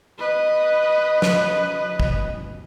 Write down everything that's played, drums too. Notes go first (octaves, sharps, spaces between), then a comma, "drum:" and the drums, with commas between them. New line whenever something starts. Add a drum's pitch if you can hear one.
B4 D#5
drum: snare
drum: kick